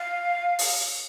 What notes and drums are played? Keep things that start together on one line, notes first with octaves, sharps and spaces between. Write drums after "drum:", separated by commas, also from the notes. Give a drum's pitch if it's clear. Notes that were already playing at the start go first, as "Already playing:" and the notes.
Already playing: F5
drum: open hi-hat